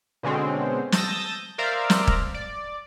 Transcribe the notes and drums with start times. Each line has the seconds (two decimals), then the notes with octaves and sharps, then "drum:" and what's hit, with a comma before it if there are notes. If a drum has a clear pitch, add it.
0.23 B2 D3 G#3 C4 C#4
0.92 A5 D#6 E6 G6 A6 A#6, drum: snare
1.58 A#4 C5 D5 E5 F5 A#5
1.90 drum: snare
2.07 drum: kick D#1
2.34 D5